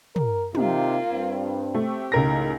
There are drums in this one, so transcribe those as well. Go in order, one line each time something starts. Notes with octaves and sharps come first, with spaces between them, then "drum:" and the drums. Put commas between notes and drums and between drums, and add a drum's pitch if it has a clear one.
A#4, drum: tom
C3 A#3 D#4 F4 G4, drum: tom
G2 C4
A3 G4
C#2 A2 D#4 A#4 A#6